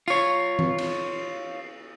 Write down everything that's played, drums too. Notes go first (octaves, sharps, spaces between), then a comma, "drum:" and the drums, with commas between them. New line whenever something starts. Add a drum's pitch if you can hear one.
F4 C#5, drum: tambourine
drum: tom E3
drum: cymbal